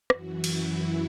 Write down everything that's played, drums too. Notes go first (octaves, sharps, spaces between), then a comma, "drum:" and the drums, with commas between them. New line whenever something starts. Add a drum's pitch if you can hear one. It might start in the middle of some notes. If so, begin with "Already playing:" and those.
F#2 E3 F#4, drum: rim click
drum: cymbal
E4